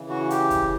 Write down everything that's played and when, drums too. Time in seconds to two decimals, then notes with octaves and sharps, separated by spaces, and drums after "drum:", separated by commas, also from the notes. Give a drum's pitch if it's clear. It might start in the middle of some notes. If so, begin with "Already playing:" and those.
Already playing: C#3 E3
0.10 F#4
0.30 G4, drum: hi-hat
0.50 drum: kick, hi-hat